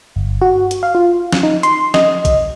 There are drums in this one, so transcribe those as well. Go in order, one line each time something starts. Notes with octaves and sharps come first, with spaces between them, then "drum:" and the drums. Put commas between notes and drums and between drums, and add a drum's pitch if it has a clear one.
G1
F#4
drum: hi-hat
F5
F4
drum: snare
D#4
C6, drum: hi-hat
D#5, drum: snare
drum: kick A1, hi-hat